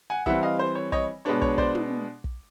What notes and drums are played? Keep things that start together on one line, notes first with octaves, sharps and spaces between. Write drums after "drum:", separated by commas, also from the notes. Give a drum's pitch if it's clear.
F#5 G#5
E3 G3 C4 E5 F#5, drum: kick
D#5 F5
C5
C#5
C#5 D#5, drum: kick
B2 G#3 B3 D4 C#5
C#5, drum: kick
C5 D5, drum: kick
drum: tom
drum: kick